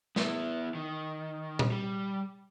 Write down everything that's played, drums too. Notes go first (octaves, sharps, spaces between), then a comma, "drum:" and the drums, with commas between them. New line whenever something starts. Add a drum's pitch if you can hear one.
B3 E4, drum: snare
D#3
drum: tom A#2
G3